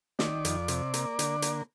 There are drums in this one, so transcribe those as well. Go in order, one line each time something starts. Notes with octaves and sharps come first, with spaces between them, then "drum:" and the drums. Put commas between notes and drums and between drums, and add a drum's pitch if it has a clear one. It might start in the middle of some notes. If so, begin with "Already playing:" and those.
D#3 D5, drum: snare
F2, drum: hi-hat
C3, drum: hi-hat
A#3, drum: hi-hat
D3, drum: hi-hat
A#3, drum: hi-hat